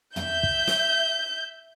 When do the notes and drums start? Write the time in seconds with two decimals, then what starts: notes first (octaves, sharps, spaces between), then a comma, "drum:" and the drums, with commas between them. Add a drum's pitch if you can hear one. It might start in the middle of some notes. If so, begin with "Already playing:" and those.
0.16 E5 G6, drum: tom
0.43 drum: kick
0.67 drum: snare